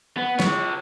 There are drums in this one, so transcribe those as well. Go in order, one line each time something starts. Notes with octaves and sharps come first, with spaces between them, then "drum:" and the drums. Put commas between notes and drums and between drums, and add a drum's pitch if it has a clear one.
B3
F4 C#5, drum: snare